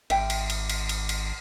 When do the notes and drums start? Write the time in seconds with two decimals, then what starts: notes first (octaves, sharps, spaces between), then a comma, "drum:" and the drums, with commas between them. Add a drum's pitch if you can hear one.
0.10 G#1 E5 G5, drum: cymbal
0.30 drum: cymbal
0.50 drum: cymbal
0.70 drum: cymbal
0.89 drum: cymbal
1.09 drum: cymbal